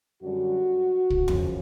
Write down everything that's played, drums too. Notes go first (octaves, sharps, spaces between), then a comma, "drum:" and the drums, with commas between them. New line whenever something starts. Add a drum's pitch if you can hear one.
F#2 D3 G3 F#4
drum: kick
F#2 C#3 F3, drum: tom E2